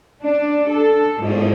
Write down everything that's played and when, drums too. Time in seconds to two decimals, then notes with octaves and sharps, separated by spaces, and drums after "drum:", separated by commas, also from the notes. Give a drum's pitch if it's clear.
0.24 D4
0.71 A4
1.22 G#2, drum: cymbal